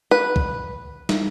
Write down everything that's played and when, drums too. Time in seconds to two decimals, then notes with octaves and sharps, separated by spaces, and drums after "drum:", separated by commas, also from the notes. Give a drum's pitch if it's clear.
0.11 B4
0.36 drum: kick
1.09 drum: snare